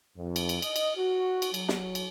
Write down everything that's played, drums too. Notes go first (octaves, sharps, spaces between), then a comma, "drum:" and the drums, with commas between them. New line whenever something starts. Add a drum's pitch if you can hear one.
F2
drum: cymbal
drum: cymbal
D#5, drum: cymbal
drum: cymbal
F#4
drum: cymbal
F#3, drum: cymbal
drum: snare
drum: cymbal